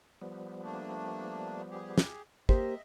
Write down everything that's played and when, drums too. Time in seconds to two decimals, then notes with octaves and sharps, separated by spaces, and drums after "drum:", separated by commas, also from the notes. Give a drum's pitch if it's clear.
0.22 F3 G3 B3
0.63 A3 A#3 D4
1.70 G4 G#4
1.98 drum: snare
2.49 A#3 G4 C5 D#5 E5, drum: kick